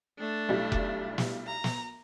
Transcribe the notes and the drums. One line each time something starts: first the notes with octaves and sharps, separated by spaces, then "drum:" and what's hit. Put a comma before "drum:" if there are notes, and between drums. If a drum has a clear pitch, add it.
A3 D4
B1 G3 E4
drum: kick F1
drum: snare
A#5
drum: snare